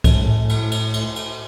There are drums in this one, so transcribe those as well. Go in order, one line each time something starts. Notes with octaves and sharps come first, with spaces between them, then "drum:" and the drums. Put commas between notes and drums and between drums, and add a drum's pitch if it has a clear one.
A2, drum: kick C2, cymbal
G#2
A2
drum: cymbal
drum: cymbal
drum: cymbal
drum: cymbal